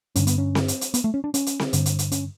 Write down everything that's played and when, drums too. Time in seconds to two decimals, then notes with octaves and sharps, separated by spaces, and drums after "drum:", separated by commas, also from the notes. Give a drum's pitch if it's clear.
0.15 G2 D3 C#4, drum: hi-hat
0.27 B3, drum: hi-hat
0.38 C#4
0.55 drum: snare C4
0.68 drum: hi-hat
0.81 drum: hi-hat
0.94 B3, drum: hi-hat
1.04 A3
1.14 C#4
1.24 D4
1.34 C#4, drum: hi-hat
1.46 drum: hi-hat
1.60 drum: snare C4
1.73 G2 D3, drum: hi-hat
1.86 drum: hi-hat
1.99 drum: hi-hat
2.12 C#4, drum: hi-hat